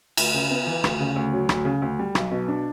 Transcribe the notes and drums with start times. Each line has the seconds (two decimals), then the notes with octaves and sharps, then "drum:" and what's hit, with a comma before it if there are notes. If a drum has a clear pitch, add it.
0.17 D2, drum: cymbal
0.34 C#3
0.50 B3
0.67 E3
0.84 D2, drum: rim click
1.00 C#3
1.16 D2
1.33 F#3
1.49 D2, drum: rim click
1.65 C#3
1.82 D2
1.99 G3
2.15 B1, drum: rim click
2.31 B2
2.48 D4